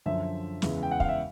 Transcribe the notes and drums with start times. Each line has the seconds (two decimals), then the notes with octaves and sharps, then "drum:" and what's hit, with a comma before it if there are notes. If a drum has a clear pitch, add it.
0.06 F#2 D3 F3 E5
0.62 E2 C#3 E3 G#3, drum: snare
0.83 G5
0.91 F#5
1.00 F5, drum: kick
1.09 E5